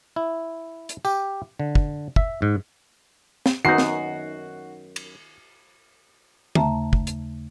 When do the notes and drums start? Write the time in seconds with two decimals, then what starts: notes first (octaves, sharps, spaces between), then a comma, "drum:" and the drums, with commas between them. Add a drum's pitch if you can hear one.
0.16 E4
0.89 drum: hi-hat
1.05 G4, drum: tambourine
1.59 D3
1.75 drum: kick
2.16 E5, drum: kick
2.42 G#2
3.46 drum: snare
3.65 F#2 D#3 B3 D#4 F#4 C7
3.78 drum: snare
4.96 drum: cymbal
6.55 D#2 C#3 A3 E5 A5 A#5, drum: tom
6.93 drum: kick
7.07 drum: hi-hat